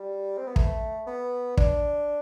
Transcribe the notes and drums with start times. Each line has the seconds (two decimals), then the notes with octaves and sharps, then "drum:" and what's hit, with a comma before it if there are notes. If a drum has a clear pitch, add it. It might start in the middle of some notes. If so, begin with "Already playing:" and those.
Already playing: G3
0.38 C4
0.47 B3
0.56 A3, drum: kick
1.07 B3
1.57 D4, drum: kick